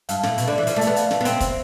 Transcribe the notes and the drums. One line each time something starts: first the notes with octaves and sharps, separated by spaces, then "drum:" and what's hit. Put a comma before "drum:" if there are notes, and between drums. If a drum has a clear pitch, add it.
G2 F5, drum: hi-hat
A2 E5, drum: snare
B2 E5, drum: hi-hat
D3 D5
E3
F3 D5, drum: hi-hat
A3
E5, drum: hi-hat
B3
F5, drum: hi-hat
E5, drum: snare
B3
C4 E5, drum: hi-hat
C5, drum: kick, hi-hat